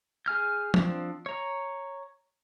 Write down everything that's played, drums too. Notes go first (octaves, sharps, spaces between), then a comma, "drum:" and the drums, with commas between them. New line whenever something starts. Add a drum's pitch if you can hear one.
G#4 G#5 F6 G6
F3 C4 D4, drum: tom F3
C#5 A#5